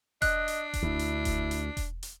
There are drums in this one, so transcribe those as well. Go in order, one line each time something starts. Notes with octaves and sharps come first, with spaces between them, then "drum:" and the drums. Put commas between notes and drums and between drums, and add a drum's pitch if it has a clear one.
D4 D#5 F#6, drum: kick E1, hi-hat
drum: hi-hat
drum: kick E1, hi-hat
D2 E4
drum: hi-hat
drum: kick E1, hi-hat
drum: hi-hat
drum: kick E1, hi-hat
drum: hi-hat